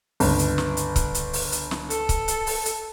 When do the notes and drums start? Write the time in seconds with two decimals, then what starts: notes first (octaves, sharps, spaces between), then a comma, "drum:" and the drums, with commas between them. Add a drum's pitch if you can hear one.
0.20 G1 C#2 B4, drum: open hi-hat
0.39 drum: hi-hat
0.58 drum: snare
0.77 drum: hi-hat
0.96 drum: kick C#1, hi-hat
1.15 drum: hi-hat
1.33 drum: open hi-hat
1.52 drum: hi-hat
1.71 drum: snare
1.90 A4, drum: hi-hat
2.09 drum: kick C#1, hi-hat
2.28 drum: hi-hat
2.47 drum: open hi-hat
2.66 drum: hi-hat